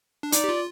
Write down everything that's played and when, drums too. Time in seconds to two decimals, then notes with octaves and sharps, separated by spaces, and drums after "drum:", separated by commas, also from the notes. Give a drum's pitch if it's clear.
0.23 D4
0.32 D#4 D5, drum: hi-hat
0.44 G4
0.49 F4